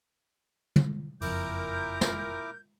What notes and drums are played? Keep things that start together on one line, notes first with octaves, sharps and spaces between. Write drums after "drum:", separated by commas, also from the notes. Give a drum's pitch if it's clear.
drum: tom
F#1 F2 A#2 E4 A#4 D6 G6, drum: open hi-hat
drum: snare